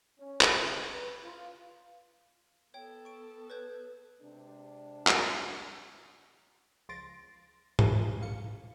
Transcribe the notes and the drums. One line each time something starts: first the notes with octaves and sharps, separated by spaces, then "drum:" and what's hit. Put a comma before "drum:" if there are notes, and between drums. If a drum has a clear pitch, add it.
C#4
drum: clap
C#3
B4
F4
B3 A4 C#5 G5
C#6 D7
B4 C#5 G6
C3 G#3 D4
drum: clap
C#2 F3 C6 A6 A#6 D7
drum: tom G#2
F#2 A2 F5 C#7